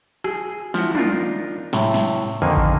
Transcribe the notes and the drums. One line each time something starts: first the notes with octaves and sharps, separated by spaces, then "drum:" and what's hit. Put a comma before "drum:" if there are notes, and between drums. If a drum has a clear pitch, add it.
G#4, drum: rim click
F3 E4 F#4, drum: snare
D4 D#4 F4 A#4, drum: tom
A2 C3, drum: snare
drum: snare
F2 D3 D#3 A#3 G#5
drum: kick